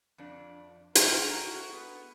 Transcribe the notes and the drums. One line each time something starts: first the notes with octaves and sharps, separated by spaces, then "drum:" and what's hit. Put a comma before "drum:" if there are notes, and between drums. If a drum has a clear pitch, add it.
F2 D4
A3 D4 A#4 G5, drum: hi-hat
F#4
B3